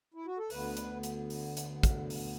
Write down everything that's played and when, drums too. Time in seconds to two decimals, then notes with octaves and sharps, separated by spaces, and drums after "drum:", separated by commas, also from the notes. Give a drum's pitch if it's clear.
0.14 E4
0.26 F#4
0.38 A4
0.50 D2 D3 B3 B4, drum: open hi-hat
0.77 drum: hi-hat
1.03 drum: hi-hat
1.30 drum: open hi-hat
1.57 drum: hi-hat
1.83 drum: kick, hi-hat
2.10 drum: open hi-hat